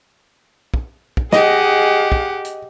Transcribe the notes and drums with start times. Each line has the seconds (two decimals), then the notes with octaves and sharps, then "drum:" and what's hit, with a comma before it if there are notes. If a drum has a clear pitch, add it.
0.74 drum: kick
1.17 drum: kick
1.32 G4 G#4 D#5 F#5, drum: snare
2.12 drum: kick
2.45 drum: hi-hat